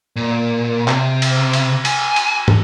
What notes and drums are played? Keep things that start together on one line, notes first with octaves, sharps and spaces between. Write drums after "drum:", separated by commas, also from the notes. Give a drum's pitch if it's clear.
A#2
C3, drum: clap
drum: cymbal
drum: cymbal
G#5, drum: cymbal
drum: cymbal
drum: tom